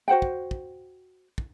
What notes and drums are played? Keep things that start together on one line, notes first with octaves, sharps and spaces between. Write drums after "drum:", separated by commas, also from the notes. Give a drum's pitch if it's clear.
F#4 C5 F#5 G5
drum: kick
drum: kick
drum: kick